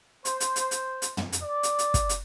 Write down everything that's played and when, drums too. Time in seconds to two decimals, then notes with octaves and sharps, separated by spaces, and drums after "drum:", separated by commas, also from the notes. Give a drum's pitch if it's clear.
0.25 C5, drum: hi-hat
0.40 drum: hi-hat
0.56 drum: hi-hat
0.71 drum: hi-hat
1.02 drum: hi-hat
1.17 drum: tom
1.33 drum: hi-hat
1.43 D5
1.63 drum: hi-hat
1.79 drum: hi-hat
1.94 drum: kick, hi-hat
2.09 drum: hi-hat